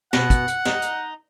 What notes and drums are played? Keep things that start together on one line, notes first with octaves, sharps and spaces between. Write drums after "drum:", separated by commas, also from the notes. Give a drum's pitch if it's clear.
B2 F#5, drum: snare
drum: kick, hi-hat
drum: hi-hat
D#4, drum: snare
drum: hi-hat